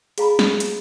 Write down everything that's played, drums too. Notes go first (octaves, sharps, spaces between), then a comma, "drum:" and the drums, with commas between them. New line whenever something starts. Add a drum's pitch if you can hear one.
G#4 F5 A#5 B5, drum: hi-hat
drum: snare
drum: hi-hat